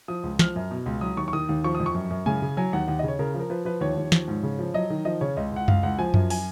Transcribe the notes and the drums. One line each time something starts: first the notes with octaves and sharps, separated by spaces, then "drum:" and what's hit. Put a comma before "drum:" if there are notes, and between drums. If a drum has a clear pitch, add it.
F3 D#6
C#2
F3 F6, drum: snare
F#2
B2
C#2
F#3 D#6
D#2 C#6
C#6
D#3 D#6
D#2
F3 C#6
F2 D#6
C#6
F#2
F#2
C#3 G#5, drum: tom G#3
C#3
F#3 G#5
D#2 F#5
D#2 F#5
C#3 D#5
C#5
C#3 A#4
F3
A#4
F3 B4
F3 B4
D#2 C#5
D#2
F3, drum: snare
G#2
C#3
F3
F#3 D#5
D#3
F3 D#5
C#3 C#5
C#2 D#5
C#2 F#5
C#2 F5, drum: tom F#2
C#2 F#5
F3 G#5
F#2, drum: tom F#2
G#5, drum: open hi-hat